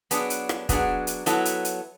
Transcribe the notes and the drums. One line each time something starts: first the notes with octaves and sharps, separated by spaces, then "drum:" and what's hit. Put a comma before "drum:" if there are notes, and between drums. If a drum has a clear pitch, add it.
F#3 B3 D4 G#4, drum: hi-hat
drum: hi-hat
drum: rim click
F#3 B3 D4 G#4, drum: kick, hi-hat
drum: hi-hat
F#3 B3 E4 A4, drum: hi-hat
drum: hi-hat
drum: hi-hat